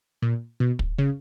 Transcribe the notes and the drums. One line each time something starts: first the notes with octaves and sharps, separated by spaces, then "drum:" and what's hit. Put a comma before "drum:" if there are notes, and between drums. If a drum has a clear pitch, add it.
A#2
B2
drum: kick
C#3